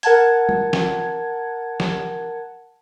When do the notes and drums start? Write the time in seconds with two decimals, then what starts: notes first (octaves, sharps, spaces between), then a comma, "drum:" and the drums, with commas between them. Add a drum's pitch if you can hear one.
0.03 A#4 F#5 A5 G#6, drum: hi-hat
0.49 drum: tom
0.73 drum: snare
1.80 drum: snare